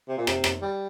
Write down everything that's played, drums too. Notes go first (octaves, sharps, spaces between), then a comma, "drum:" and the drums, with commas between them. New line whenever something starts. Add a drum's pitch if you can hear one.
C3
A#2
C3, drum: rim click
drum: rim click
G3